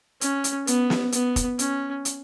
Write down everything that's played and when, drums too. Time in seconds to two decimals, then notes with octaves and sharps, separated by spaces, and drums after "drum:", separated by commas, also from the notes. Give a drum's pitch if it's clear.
0.21 C#4, drum: hi-hat
0.44 drum: hi-hat
0.67 B3, drum: hi-hat
0.90 drum: snare
1.12 B3, drum: hi-hat
1.36 drum: kick, hi-hat
1.59 C#4, drum: hi-hat
2.05 drum: hi-hat